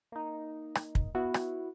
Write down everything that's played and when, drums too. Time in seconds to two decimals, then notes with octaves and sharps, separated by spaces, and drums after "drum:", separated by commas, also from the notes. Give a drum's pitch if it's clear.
0.12 A#3 D#4
0.75 drum: rim click
0.95 drum: kick
1.15 B3 E4 F#4
1.34 drum: rim click